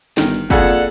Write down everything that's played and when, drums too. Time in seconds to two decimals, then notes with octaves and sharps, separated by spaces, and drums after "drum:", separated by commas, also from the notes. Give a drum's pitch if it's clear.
0.17 G1 D#3, drum: snare
0.34 drum: hi-hat
0.50 F2 A#2 G#4 A4 D5 F#5, drum: kick, open hi-hat
0.69 drum: hi-hat